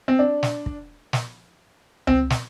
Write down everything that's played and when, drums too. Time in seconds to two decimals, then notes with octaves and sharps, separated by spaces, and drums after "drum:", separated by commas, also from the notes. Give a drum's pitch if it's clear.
0.08 C4
0.19 D4
0.43 drum: snare
0.66 drum: kick
1.13 drum: snare
2.07 C4, drum: tom C#2
2.30 drum: snare